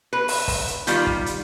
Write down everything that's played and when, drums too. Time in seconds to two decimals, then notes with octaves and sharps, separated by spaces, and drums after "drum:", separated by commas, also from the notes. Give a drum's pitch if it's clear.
0.13 B4
0.28 drum: open hi-hat
0.48 drum: kick, open hi-hat
0.67 drum: hi-hat
0.87 D#3 G3 F4, drum: hi-hat
1.07 drum: kick
1.26 drum: hi-hat